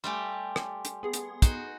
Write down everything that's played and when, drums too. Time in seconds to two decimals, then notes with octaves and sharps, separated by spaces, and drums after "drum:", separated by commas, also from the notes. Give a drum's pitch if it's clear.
0.04 G3 A3 G4 G#5 C6
0.56 drum: rim click
0.85 drum: hi-hat
1.03 B3 G#4
1.13 drum: hi-hat
1.42 D#4 F#4 C6, drum: kick, hi-hat